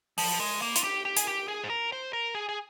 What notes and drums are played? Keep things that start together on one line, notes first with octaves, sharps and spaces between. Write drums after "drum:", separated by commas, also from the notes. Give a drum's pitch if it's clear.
F3, drum: open hi-hat
G#3
A#3
F4, drum: hi-hat
G4
G4
G#4, drum: hi-hat
G4
G#4
C5
A#4
C5
A#4
G#4
G#4